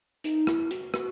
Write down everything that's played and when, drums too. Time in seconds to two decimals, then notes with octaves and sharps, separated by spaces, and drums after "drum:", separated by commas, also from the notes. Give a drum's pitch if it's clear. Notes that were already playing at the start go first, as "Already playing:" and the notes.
0.24 D#4, drum: hi-hat
0.47 E4, drum: rim click
0.71 F#4, drum: hi-hat
0.94 F#4, drum: rim click